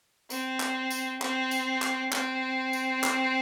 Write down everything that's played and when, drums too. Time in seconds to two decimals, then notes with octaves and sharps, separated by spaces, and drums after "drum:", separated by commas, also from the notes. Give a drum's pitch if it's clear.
0.30 C4, drum: tambourine
0.60 drum: clap
0.90 drum: tambourine
1.21 C4, drum: clap
1.51 drum: tambourine
1.82 drum: clap
2.12 C4, drum: clap
2.73 drum: tambourine
3.04 drum: clap